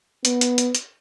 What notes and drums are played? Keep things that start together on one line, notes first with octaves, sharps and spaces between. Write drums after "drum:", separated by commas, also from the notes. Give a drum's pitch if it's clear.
B3, drum: hi-hat
drum: hi-hat
drum: hi-hat
drum: hi-hat